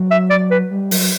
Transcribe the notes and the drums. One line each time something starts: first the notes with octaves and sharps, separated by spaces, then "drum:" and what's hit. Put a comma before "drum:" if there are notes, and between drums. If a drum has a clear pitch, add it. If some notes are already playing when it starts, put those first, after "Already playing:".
Already playing: F#3
E5
D5
B4
G3
F#3, drum: open hi-hat